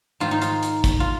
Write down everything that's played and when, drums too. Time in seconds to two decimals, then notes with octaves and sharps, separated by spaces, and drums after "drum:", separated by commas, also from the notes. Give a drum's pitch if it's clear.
0.20 G#2 D#3 F4
0.31 D#4
0.42 F4, drum: hi-hat
0.63 drum: hi-hat
0.84 drum: kick, hi-hat
1.00 F4